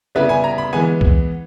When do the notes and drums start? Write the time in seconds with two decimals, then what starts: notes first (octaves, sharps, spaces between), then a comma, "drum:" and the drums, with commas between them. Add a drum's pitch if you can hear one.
0.15 C#3 G3 B3 E4 B4
0.29 G#5
0.44 A#5
0.58 B5
0.72 E3 G#3 B3 G#5
1.01 drum: kick C2